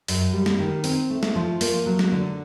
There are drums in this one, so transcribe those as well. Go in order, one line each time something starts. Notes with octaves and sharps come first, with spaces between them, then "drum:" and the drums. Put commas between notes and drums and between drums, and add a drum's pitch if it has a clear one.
F#2, drum: open hi-hat
G3
drum: snare
D#3
C4, drum: open hi-hat
A3
drum: snare
F3
A#3, drum: open hi-hat
F#3
drum: snare
D3